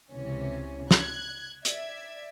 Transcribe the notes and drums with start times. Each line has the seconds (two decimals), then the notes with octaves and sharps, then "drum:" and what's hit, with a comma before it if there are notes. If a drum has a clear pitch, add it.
0.11 C#2 C3 E3 C#4
0.91 F#6 G#6, drum: snare
1.65 D5 E5 G#6, drum: hi-hat